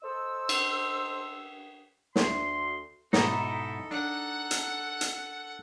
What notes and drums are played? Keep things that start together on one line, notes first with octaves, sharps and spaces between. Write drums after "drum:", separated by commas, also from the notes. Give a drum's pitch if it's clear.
A4 C5 D#5 E6
drum: cymbal
D2 C6, drum: snare
G#2 B2 D#4 E4 A4, drum: snare
D4 F#5 F#6
drum: hi-hat
drum: hi-hat